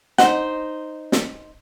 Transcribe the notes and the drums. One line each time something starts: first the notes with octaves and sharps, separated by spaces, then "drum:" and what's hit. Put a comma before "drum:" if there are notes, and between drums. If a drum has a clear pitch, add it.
D#4 C5 F#5, drum: snare
drum: snare